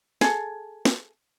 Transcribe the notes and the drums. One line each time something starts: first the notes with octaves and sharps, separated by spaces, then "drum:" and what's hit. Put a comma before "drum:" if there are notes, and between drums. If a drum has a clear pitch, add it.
G#4 A4, drum: snare
drum: snare